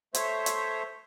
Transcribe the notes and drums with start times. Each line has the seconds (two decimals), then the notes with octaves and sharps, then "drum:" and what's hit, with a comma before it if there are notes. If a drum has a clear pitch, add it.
0.14 A3 C5 C#5 E5, drum: hi-hat
0.46 drum: hi-hat